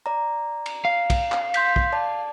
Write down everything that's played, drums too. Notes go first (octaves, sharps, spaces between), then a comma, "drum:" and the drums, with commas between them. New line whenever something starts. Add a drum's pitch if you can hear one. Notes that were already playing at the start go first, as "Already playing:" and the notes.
D5 A#5
drum: cymbal
F5
drum: kick, cymbal
drum: clap
C6 G6 B6, drum: cymbal
drum: kick
D5 A5